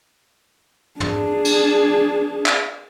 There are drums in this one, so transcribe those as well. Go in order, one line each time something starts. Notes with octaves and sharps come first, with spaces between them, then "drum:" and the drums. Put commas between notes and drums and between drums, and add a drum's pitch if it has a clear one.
D4 G#4, drum: tom
drum: cymbal
drum: clap